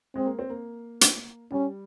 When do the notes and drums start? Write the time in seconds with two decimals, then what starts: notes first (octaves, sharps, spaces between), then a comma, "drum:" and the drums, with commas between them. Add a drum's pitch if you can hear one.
0.15 G#3 C4
0.26 A#3
0.39 C4
0.50 A#3
1.01 drum: hi-hat
1.52 G3 C#4